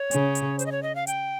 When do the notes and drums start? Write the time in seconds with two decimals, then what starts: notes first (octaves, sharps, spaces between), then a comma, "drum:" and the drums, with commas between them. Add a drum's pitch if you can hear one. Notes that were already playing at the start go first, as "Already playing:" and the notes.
Already playing: C#5
0.11 C#3, drum: hi-hat
0.35 drum: hi-hat
0.59 C5, drum: hi-hat
0.66 D#5
0.72 C#5
0.83 D#5
0.95 F5
1.07 G5, drum: hi-hat